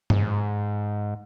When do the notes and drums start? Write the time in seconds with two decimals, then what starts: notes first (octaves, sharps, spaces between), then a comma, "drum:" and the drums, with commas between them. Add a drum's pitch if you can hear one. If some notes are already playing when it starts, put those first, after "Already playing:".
0.10 G#2, drum: tom G2